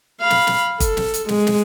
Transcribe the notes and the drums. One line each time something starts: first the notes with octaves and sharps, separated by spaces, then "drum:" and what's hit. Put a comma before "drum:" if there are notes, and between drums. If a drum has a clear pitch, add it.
F5 B5
drum: snare
drum: snare
A4, drum: kick, hi-hat
drum: snare
drum: hi-hat
G#3, drum: snare
drum: snare